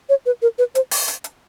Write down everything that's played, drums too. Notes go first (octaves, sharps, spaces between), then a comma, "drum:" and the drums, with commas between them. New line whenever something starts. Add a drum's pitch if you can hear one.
C#5
B4
A#4
B4
C5, drum: hi-hat
drum: open hi-hat
drum: hi-hat
drum: hi-hat